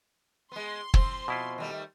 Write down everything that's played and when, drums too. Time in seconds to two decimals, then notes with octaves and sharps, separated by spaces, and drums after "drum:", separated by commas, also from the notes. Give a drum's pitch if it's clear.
0.52 G#3 B3 C6
0.94 F3 C4, drum: kick
1.28 B2 E4 F4
1.58 D#3 G3 A3